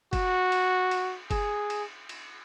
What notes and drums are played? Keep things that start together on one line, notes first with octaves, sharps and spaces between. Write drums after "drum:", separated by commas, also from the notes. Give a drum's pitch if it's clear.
F#4, drum: kick F#1, cymbal
drum: cymbal
drum: cymbal
G#4, drum: kick F#1, cymbal
drum: cymbal
drum: cymbal